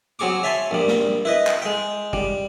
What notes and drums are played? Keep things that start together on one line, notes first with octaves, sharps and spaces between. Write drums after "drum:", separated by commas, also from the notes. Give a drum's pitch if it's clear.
F#3 C4 G#4 C#6 D6
C#5 E5 G#5 A5 C6
A#1 G3
drum: snare
E4 B4 D#5
drum: clap
G#3 G5
G3, drum: kick